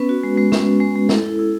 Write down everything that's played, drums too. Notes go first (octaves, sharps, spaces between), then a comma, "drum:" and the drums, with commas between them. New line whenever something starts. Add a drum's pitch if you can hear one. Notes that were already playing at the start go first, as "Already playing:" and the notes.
Already playing: B3 C#4 B4
F#4
G#3
G#3
C#4, drum: snare
G#3
G#3
G#3
E4 A4, drum: snare
E4
E4